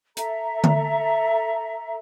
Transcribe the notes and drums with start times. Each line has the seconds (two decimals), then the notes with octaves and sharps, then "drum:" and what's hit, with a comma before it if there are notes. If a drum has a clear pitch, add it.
0.17 A4 E5 A#5, drum: hi-hat
0.64 drum: tom D3